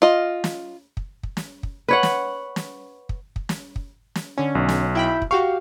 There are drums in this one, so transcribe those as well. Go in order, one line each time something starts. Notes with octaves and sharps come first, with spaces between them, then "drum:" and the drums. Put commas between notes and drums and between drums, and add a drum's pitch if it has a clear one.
F4 D#5
drum: snare
drum: kick
drum: kick
drum: snare
drum: kick
B4 C#5 F#5
drum: snare
drum: snare
drum: kick
drum: kick
drum: snare
drum: kick
drum: snare
D3 C#4
B1
drum: snare
E4 G5 B5
drum: kick
F#4 G4 F5 C#6